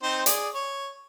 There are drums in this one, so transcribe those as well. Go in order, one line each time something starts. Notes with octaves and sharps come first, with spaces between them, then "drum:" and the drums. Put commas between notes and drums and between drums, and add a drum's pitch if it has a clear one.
C4 D#4 C5
G#4 D5, drum: hi-hat
C#5